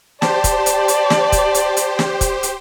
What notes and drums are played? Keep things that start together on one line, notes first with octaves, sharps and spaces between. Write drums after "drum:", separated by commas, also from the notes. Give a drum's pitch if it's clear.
G4 C5 D5 A5, drum: snare
drum: kick, hi-hat
drum: hi-hat
drum: hi-hat
drum: snare
drum: kick, hi-hat
drum: hi-hat
drum: hi-hat
drum: snare
drum: kick, hi-hat
drum: hi-hat